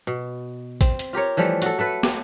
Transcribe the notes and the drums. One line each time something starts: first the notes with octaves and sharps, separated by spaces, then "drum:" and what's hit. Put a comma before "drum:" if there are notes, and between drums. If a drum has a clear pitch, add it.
B2
C4, drum: kick, hi-hat
drum: hi-hat
F4 G4 A#4 C#5
E3 F3 G3 A3
F#4 A4, drum: hi-hat
A3 A4 B4
drum: snare